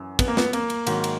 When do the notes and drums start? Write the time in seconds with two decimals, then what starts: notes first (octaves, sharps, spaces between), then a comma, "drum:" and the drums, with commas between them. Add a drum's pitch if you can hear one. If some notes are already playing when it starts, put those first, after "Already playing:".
Already playing: F#2 E3
0.19 B3, drum: kick, cymbal
0.28 A#3
0.37 B3, drum: snare
0.53 A#3, drum: cymbal
0.70 drum: cymbal
0.87 G#2 D#3 F#3, drum: cymbal
1.04 drum: cymbal